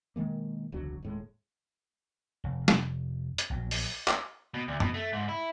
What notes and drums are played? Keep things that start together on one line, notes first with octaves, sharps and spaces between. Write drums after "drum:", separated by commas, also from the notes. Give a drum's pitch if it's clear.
B2 D#3 G#3 A#3
E1 C#2 D3 F#3
D#1 A2 G#3
F1
drum: snare
drum: hi-hat
A#1 F#3
drum: open hi-hat
drum: clap
B2
D2
B2, drum: tom F#2
A3
G#2
E4